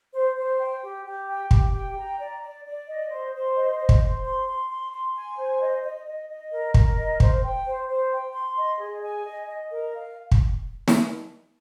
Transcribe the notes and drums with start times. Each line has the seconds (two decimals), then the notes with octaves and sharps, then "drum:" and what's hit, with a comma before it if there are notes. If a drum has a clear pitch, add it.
0.14 C5
0.36 C5
0.59 G5
0.82 G4
1.05 G4
1.28 G5
1.51 G4, drum: kick
1.74 G5
1.96 A#5
2.19 D5
2.42 D5
2.64 D5
2.87 D#5
3.10 C5
3.33 C5
3.56 D#5
3.78 C5
3.89 drum: kick
4.02 C5
4.24 C6
4.47 C6
4.69 C6
4.93 C6
5.15 G#5
5.38 C5
5.61 D#5
5.83 D#5
6.06 D#5
6.29 D#5
6.52 A#4
6.74 A#4, drum: kick
6.97 D#5
7.20 C5, drum: kick
7.43 G5
7.66 C5
7.88 C5
8.12 G5
8.34 C6
8.57 D#5
8.80 G#4
9.02 G#5
9.25 D#5
9.47 D#5
9.71 A#4
9.94 F5
10.32 drum: kick
10.88 drum: snare